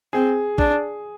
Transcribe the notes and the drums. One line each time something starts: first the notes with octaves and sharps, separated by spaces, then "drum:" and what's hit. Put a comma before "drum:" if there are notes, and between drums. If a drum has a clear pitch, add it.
C4 G#4
D4, drum: kick